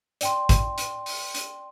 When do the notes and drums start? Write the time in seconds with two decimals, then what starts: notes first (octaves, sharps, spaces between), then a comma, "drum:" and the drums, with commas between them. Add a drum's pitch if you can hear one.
0.21 D5 G5 C6, drum: hi-hat
0.49 drum: kick, hi-hat
0.78 drum: hi-hat
1.06 drum: open hi-hat
1.35 drum: hi-hat